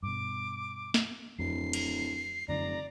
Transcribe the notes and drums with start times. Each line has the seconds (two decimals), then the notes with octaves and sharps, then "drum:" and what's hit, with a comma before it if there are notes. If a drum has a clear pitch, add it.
0.03 G2 B2 D6
0.94 drum: snare
1.38 D1 F2 C7
1.73 drum: cymbal
2.48 F1 F#2 D3 D5 A#5